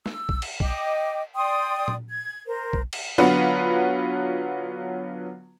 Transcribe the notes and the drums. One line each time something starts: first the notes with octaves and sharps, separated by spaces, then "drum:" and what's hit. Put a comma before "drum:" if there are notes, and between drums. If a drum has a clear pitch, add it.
E6, drum: snare
drum: kick
drum: cymbal
D#5 G5 D6, drum: kick
D5 G5 C6 D#6
drum: tom A#2
G#6
A#4 C5
drum: kick
drum: cymbal
D3 F#3 B3 F4 F#4 B4